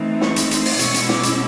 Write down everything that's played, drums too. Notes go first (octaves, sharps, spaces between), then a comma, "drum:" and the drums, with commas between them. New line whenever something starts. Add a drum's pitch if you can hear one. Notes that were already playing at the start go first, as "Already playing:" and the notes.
Already playing: E3 A3 C4 D#4
C#6, drum: snare
drum: hi-hat
C6, drum: hi-hat
drum: open hi-hat
B2 G#3 C#4 E4 C#6, drum: hi-hat
drum: hi-hat
D6, drum: snare
drum: hi-hat